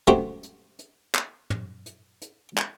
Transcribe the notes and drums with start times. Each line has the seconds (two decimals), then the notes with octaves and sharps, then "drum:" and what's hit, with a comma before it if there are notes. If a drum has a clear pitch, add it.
0.07 A3 F#4 G4 C5, drum: tom
0.43 drum: hi-hat
0.79 drum: hi-hat
1.15 drum: clap
1.50 drum: tom
1.86 drum: hi-hat
2.22 drum: hi-hat
2.57 drum: clap